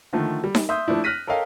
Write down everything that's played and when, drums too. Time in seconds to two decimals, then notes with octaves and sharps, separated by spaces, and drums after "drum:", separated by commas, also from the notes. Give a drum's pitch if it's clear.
0.13 D3 D#3 F3 A3
0.44 G3
0.55 drum: snare D#4
0.69 E5 C6 D#6 G6
0.88 F3 A3 D4 E4
1.04 F6 F#6 A#6 B6 D#7
1.27 A4 A#4 C#5 D#5 F5 G5